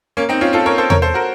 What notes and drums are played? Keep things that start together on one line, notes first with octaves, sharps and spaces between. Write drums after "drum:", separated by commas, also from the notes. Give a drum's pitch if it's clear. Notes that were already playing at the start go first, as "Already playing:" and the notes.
A#3 C#4
C4 D#4
C#4 F4
F4 A4
A#4 C#5
A4 C5
A#4 C#5, drum: tom E2
A4 C5
F#4 A#4